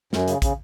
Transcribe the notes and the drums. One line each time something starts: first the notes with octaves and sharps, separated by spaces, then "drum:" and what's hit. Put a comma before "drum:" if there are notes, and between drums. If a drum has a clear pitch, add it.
F#2, drum: snare
C#3, drum: hi-hat
C#3, drum: kick, hi-hat